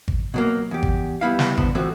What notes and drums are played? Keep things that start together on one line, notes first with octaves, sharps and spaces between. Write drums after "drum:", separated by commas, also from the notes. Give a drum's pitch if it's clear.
drum: kick G#1
B2 F#3 A#3
E2 G4
drum: kick G#1
G3 B3 E4 F5
drum: snare
D3 B3 C5, drum: kick G#1
E3 F3 A3 C4 F#4